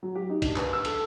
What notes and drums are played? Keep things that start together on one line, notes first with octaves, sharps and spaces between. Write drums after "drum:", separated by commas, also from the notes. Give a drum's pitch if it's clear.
F#3
G4
D#4
D4, drum: kick, cymbal
B4, drum: clap
E6
A4, drum: cymbal